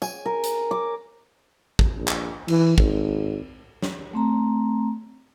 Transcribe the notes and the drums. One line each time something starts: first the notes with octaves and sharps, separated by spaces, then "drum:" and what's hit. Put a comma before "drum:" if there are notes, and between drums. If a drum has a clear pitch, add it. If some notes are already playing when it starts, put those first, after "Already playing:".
G#5, drum: tambourine
A#4
drum: hi-hat
D6
drum: kick
A#1
drum: clap
E3, drum: cymbal
G#1, drum: kick
drum: snare
A3 C4 A#5